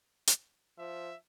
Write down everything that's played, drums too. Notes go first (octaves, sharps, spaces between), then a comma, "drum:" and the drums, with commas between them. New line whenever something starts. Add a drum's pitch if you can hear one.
drum: hi-hat
F3 E5